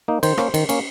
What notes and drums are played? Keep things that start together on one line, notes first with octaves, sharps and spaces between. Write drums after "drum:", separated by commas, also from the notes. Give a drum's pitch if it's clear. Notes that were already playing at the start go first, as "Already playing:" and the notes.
A#3 D#4
D#3 C5, drum: cymbal
A#3 C#4, drum: rim click
D#3, drum: cymbal
A#3 C#4, drum: cymbal